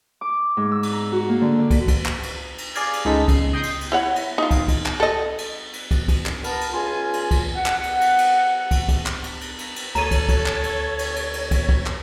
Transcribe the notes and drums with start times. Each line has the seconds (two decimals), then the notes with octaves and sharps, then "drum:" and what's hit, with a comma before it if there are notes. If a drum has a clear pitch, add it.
0.21 D6
0.57 G#2
0.72 E6
0.83 drum: cymbal
0.92 A#5
1.12 F#4
1.29 A#3
1.41 D3
1.59 D5
1.71 drum: kick, cymbal
1.88 drum: kick, cymbal
2.06 drum: clap
2.23 drum: cymbal
2.58 drum: cymbal
2.75 G#4 D5 F5 G#5, drum: cymbal
2.93 drum: cymbal
3.05 C#2 G#3 D#4 A4 B6
3.28 C#2 C7, drum: kick, cymbal
3.53 D#5 G5 C6 D#6 G6
3.63 drum: cymbal
3.81 drum: cymbal
3.92 E4 C#5 F#5
4.16 drum: cymbal
4.38 D#4 F4
4.51 drum: kick, cymbal
4.68 drum: kick, cymbal
4.86 drum: clap
5.00 A4 D#5
5.38 drum: cymbal
5.73 drum: cymbal
5.91 drum: kick, cymbal
6.08 drum: kick, cymbal
6.26 drum: clap
6.44 B3 A#4 A5, drum: cymbal
6.61 drum: cymbal
6.73 C#2 F4 G#5
7.13 drum: cymbal
7.31 drum: kick, cymbal
7.55 F#5
7.66 drum: clap
7.83 drum: cymbal
8.01 drum: cymbal
8.18 drum: cymbal
8.71 drum: kick, cymbal
8.89 drum: kick, cymbal
9.06 drum: clap
9.24 drum: cymbal
9.41 drum: cymbal
9.59 drum: cymbal
9.76 drum: cymbal
9.95 D2 A4 C#5 A#5 D#7, drum: cymbal
10.11 drum: kick, cymbal
10.29 drum: kick, cymbal
10.46 drum: clap
10.64 drum: cymbal
10.99 drum: cymbal
11.16 drum: cymbal
11.34 drum: cymbal
11.51 drum: kick, cymbal
11.69 drum: kick
11.86 drum: clap